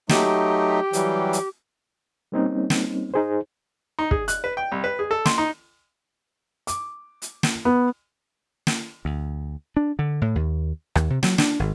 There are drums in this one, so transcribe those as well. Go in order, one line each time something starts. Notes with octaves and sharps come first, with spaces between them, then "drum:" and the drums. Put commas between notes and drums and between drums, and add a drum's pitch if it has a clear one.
F#3 A3 D#4 G4, drum: snare
E3 F#3 G3, drum: hi-hat
drum: hi-hat
G3 A#3 C4 C#4 D#4
drum: snare
D#4 G#4 C5
D#4
G#4, drum: kick
F#6, drum: hi-hat
B4
G5
C2
B4
G#4
A4
C6, drum: snare
D#4
D6, drum: hi-hat
drum: hi-hat
drum: snare
B3
drum: snare
D2
D4
D3
A2
D#2
D#2, drum: rim click
C3
F#3, drum: snare
D4, drum: snare
G#1